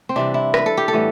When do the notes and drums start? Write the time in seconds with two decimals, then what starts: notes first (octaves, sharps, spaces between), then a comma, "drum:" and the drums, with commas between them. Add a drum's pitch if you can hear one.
0.09 C4
0.16 C3 E3 G3 D4
0.34 E4
0.54 B4, drum: rim click
0.66 A4
0.77 G4
0.88 A4
0.93 A2 E3 G3 B3